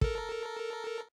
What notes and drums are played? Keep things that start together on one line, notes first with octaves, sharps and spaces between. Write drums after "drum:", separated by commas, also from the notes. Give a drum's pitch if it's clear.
A4 A#4, drum: kick